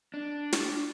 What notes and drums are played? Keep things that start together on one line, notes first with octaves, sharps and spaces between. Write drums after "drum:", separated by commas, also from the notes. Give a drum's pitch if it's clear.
D4
drum: snare